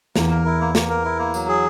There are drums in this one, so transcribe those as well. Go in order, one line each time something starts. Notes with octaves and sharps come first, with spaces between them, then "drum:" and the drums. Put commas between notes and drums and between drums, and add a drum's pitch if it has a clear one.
E2 A#3, drum: snare
A#4
E4
A#3
A#3, drum: snare
A#4
E4
A#3
F#3, drum: tambourine
G#4